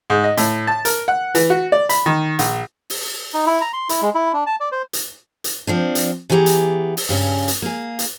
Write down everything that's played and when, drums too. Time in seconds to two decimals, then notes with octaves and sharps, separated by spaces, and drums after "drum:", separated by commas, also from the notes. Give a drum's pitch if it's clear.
0.10 G#2
0.24 D#5
0.37 A2, drum: hi-hat
0.67 A5
0.85 A#4, drum: hi-hat
1.08 F#5
1.35 E3, drum: hi-hat
1.50 F#4
1.72 D5
1.89 B5, drum: hi-hat
2.06 D#3
2.39 A#1, drum: hi-hat
2.90 drum: open hi-hat
3.34 D#4
3.46 E4
3.61 A#5
3.73 C6
3.89 E4, drum: hi-hat
4.02 G#3
4.15 E4
4.33 D4
4.46 A5
4.60 D5
4.72 C5
4.93 drum: hi-hat
5.44 drum: hi-hat
5.67 F3 C4 D4
5.95 drum: hi-hat
6.30 D3 E3 B3 G4 G#4 A#5
6.46 drum: hi-hat
6.97 drum: open hi-hat
7.09 G2 C#3 C#4
7.48 drum: hi-hat
7.62 A#3 G#4
7.99 drum: hi-hat